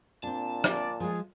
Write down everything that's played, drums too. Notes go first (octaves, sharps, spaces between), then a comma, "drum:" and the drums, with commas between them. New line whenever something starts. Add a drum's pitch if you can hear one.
A#2 C4 D4 A5
D5, drum: rim click
F3 G#3 G#4